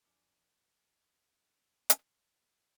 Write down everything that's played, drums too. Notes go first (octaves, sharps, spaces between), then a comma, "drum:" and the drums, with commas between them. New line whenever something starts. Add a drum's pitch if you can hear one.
F2 D4 G#5 D6 F6 C#7
drum: hi-hat